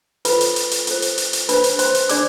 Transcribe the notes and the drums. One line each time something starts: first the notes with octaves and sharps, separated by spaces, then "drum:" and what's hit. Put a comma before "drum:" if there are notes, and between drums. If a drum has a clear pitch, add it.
F4 A4 B4 C5 B5, drum: hi-hat
drum: hi-hat
drum: hi-hat
drum: hi-hat
F4 A4 C5, drum: hi-hat
drum: hi-hat
drum: hi-hat
drum: hi-hat
D4 G#4 B4 C5 B5, drum: hi-hat
drum: hi-hat
C5 C6, drum: hi-hat
drum: hi-hat
D4 G#4 C5 D5 D6, drum: hi-hat